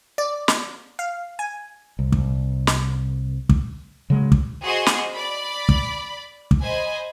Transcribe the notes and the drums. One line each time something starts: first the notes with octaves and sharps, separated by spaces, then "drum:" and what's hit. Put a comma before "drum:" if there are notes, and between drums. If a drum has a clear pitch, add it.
D5
drum: snare
F5
G#5
C2
drum: kick
drum: snare
drum: kick
C#3 F#3 G#3
drum: kick
F#4 G#4 C5 D#5 C6
drum: snare
D5 B5
drum: kick
drum: kick
C5 D#5 G#5 B5